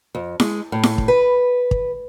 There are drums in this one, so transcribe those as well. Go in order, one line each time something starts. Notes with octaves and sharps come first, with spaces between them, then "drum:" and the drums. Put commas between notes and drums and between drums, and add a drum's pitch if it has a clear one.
F2
G#3, drum: snare E4
A2
drum: snare E4
drum: kick
B4
drum: kick